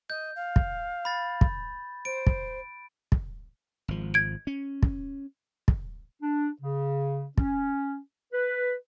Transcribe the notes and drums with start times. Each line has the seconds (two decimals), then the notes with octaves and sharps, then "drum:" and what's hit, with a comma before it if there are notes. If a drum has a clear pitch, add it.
0.10 D#5 G6
0.36 F5
0.56 drum: kick
1.05 B5 A6
1.41 drum: kick
2.05 C5 D7
2.27 drum: kick
3.12 drum: kick
3.88 G#1 F3
4.14 G#6 D7
4.47 C#4
4.83 drum: kick
5.68 drum: kick
6.22 D4
6.61 C#3
7.38 C#4, drum: kick
8.32 B4